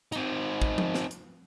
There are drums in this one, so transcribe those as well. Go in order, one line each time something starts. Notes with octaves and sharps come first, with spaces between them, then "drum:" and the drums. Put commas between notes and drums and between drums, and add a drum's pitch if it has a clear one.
C4 D#4, drum: hi-hat
drum: kick
drum: tom F3
drum: snare
drum: hi-hat